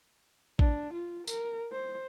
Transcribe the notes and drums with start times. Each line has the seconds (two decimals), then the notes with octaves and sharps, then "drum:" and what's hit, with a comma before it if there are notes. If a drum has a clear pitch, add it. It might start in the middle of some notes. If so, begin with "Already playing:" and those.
0.59 D4, drum: kick
0.94 F4
1.27 A#4, drum: tambourine
1.72 C5